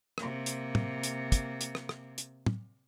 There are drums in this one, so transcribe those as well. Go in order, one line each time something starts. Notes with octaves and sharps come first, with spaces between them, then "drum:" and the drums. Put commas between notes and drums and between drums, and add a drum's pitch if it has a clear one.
C3 A#3, drum: rim click
drum: hi-hat
drum: tom
drum: hi-hat
drum: kick, hi-hat
drum: hi-hat
drum: rim click
drum: rim click
drum: hi-hat
drum: tom